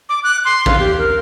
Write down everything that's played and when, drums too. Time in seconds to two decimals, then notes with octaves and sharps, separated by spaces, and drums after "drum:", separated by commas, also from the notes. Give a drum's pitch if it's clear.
0.09 D6
0.24 F#6
0.45 C6
0.66 F5, drum: kick
0.79 G4
0.98 A#4